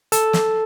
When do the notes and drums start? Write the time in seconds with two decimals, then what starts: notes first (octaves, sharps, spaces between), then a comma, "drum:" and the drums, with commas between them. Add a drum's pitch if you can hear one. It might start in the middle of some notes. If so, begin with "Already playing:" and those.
0.12 A4 A5, drum: hi-hat
0.33 drum: snare